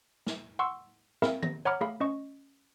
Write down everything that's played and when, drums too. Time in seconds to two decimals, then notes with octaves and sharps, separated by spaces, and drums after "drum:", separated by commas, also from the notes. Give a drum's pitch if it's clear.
0.27 drum: snare
0.59 F#5 C6 C#6 E6
1.22 C4 G#4 A#4 E5 F5 B5, drum: snare
1.43 A#6, drum: tom
1.65 C#5 F#5 A#5 B5 D6 F6
1.81 A3 G#4 F5 B5
2.00 C#4 D#5 C#6